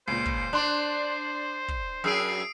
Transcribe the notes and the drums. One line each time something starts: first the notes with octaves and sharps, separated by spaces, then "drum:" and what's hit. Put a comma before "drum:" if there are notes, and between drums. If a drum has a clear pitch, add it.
C#2 A#2 C5 C7
drum: kick
D4 C6 F#6
drum: kick
F#2 G#4 D#6 E6 C7 D7